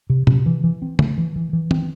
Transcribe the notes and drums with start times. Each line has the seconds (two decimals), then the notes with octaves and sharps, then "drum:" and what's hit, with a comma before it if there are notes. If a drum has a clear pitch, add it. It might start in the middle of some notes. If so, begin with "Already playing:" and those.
0.10 C3
0.27 C3, drum: tom
0.46 E3
0.64 E3
0.82 C4
0.99 A3, drum: tom C#3
1.18 E3
1.36 E3
1.53 E3
1.71 C4, drum: tom D#3